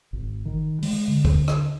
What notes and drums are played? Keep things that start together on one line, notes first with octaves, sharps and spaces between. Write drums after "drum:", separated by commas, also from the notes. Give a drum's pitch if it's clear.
G#1
D#3
G#3, drum: open hi-hat
D3
drum: kick
drum: rim click